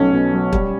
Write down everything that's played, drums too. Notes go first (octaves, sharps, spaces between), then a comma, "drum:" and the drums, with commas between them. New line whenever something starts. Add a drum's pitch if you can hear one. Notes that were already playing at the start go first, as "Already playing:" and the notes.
Already playing: B1 A3 C#4
B2
F#3
G3, drum: kick